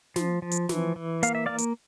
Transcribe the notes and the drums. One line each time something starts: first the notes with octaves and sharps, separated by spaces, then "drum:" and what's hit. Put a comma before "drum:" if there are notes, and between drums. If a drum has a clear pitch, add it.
F3, drum: snare
F3
drum: hi-hat
E3, drum: snare
E3
A#3 F5, drum: hi-hat
E5
A#3 D5 F5
drum: hi-hat